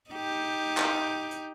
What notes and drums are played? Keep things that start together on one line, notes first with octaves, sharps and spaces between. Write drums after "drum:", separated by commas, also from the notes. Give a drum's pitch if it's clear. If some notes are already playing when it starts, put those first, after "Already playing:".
D#4 G4
drum: clap
drum: hi-hat